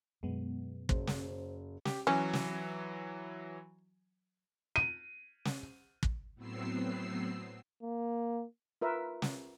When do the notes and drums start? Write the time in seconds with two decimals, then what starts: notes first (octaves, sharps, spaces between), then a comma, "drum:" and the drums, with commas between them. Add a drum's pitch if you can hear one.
0.23 F#2 B2 G#3 B3
0.89 F#1 C5, drum: kick
1.07 drum: snare
1.85 G4, drum: snare
2.07 E3 F#3 C#4
2.33 drum: snare
4.76 D#7
5.45 drum: snare
6.03 drum: kick
6.35 A2 F#3 B3 C4 E6 C7
7.83 A#3
8.82 F4 A#4 B4 E5
9.22 drum: snare